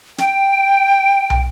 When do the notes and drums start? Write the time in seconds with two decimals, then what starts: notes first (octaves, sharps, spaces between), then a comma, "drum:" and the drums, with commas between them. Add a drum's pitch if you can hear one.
0.18 G5, drum: snare
1.30 drum: tom